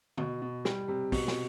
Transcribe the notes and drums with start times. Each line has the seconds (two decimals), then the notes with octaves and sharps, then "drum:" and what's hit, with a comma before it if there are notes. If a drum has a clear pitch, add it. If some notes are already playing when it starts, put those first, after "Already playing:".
0.17 B2, drum: tom D3
0.42 B2
0.65 G3, drum: snare
0.88 C3
1.12 B2, drum: kick, open hi-hat
1.28 drum: snare